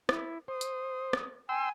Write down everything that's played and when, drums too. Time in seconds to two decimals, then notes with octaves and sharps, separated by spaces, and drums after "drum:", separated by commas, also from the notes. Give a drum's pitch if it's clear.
0.09 E4, drum: rim click
0.48 C5 D#6
0.61 drum: hi-hat
1.13 drum: rim click
1.49 G5 G#5 C6 E6